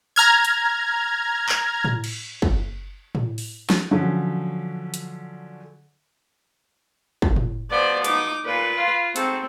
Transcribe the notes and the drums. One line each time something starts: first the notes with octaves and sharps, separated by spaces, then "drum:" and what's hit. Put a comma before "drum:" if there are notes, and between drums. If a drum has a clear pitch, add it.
A#5 F6 G#6
drum: hi-hat
drum: clap
drum: tom A2
drum: cymbal
drum: kick
drum: tom A2
drum: open hi-hat
drum: snare
D3 F3 F#3 C#4
drum: hi-hat
drum: kick
drum: tom A2
B2 F3 B3 C5 D5
D#4 D6, drum: hi-hat
A#2 B4
F4
G#2 C4 F#4 A4, drum: hi-hat